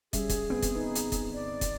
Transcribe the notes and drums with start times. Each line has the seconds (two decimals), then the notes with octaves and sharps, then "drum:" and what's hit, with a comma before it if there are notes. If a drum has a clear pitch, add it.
0.13 G3 C#4 G#4 E5, drum: kick, hi-hat
0.30 drum: kick, hi-hat
0.50 G1 B3 C4
0.62 drum: kick, hi-hat
0.75 D#4 B4
0.95 drum: hi-hat
1.12 drum: kick, hi-hat
1.33 D5
1.61 drum: kick, hi-hat